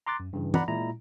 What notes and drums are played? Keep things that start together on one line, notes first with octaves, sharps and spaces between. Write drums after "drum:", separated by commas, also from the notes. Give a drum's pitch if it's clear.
A#5 C6 D6 F#6 A6
F#2
G2 C#3 E3
D5 F#5 A#5 B5, drum: tom
A#2 G#3 E4 A#5